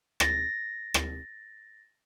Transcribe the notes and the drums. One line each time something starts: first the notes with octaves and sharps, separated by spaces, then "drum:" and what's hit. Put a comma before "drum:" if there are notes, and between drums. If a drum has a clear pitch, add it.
A6 A#6, drum: rim click
drum: rim click